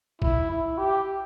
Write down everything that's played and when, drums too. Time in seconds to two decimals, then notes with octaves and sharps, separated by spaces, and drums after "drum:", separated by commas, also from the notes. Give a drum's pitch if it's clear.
0.22 E4, drum: kick
0.51 E4
0.78 G4